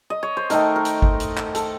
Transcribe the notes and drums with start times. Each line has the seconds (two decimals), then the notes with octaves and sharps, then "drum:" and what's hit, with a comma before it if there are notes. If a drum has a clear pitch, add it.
0.10 D#5
0.23 C#5
0.37 C5
0.50 D#3 A3 D#4 A#4, drum: hi-hat
0.76 A#4
0.85 drum: hi-hat
1.02 drum: kick G1
1.20 drum: hi-hat
1.37 drum: clap
1.55 A4, drum: hi-hat